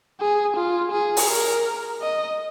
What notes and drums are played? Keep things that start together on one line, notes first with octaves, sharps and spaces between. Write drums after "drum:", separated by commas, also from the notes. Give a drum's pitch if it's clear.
G#4
F4
G#4
drum: open hi-hat
A#4
D#5